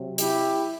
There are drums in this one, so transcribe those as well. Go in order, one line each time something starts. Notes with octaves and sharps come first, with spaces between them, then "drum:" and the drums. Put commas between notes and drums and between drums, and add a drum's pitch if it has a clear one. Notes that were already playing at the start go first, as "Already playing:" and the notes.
Already playing: C3 F#3
E4 G4, drum: hi-hat